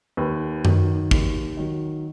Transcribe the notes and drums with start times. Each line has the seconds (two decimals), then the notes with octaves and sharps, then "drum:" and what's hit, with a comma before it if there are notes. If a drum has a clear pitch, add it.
0.17 D#2 B4
0.65 D#3 F#3, drum: tom F#2
1.11 D#2, drum: kick
1.57 D#3 F#3